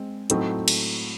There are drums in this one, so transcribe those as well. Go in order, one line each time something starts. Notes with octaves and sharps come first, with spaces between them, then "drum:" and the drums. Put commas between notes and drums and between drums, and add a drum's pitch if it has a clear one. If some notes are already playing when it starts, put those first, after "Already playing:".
Already playing: G#3 C4
A2 F#3 A3 C4 D#4, drum: hi-hat
drum: cymbal